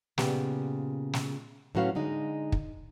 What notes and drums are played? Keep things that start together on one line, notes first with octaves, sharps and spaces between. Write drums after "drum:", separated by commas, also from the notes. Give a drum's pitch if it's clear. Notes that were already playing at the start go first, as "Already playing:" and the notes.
A#2 C#3 B3 G4, drum: snare
drum: snare
A2 F#3 C#4 F#4 B4 F5
D3 G#3 D#4
drum: kick